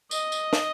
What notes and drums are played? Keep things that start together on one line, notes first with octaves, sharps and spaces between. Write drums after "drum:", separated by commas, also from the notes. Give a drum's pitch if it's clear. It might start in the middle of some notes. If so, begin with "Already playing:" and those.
D#5, drum: tambourine
drum: tambourine
drum: snare